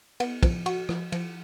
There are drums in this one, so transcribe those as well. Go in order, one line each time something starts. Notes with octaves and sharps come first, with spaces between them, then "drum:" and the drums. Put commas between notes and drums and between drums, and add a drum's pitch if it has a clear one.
B3, drum: cymbal
F3, drum: kick, cymbal
F#4, drum: cymbal
F3, drum: rim click
F3, drum: cymbal